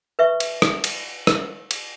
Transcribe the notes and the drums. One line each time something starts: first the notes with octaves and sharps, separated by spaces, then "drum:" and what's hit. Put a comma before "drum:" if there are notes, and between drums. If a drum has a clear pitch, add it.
B4 E5 C#6
drum: cymbal
drum: rim click
drum: cymbal
drum: rim click
drum: cymbal